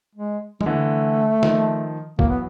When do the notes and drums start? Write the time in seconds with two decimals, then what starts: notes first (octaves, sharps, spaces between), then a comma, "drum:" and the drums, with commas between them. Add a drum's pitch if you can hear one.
0.15 G#3
0.61 G#3, drum: tom E3
0.66 D3 E3 A3
1.43 D#3 F3, drum: snare
2.19 E3 F#3 A#3, drum: kick
2.29 B3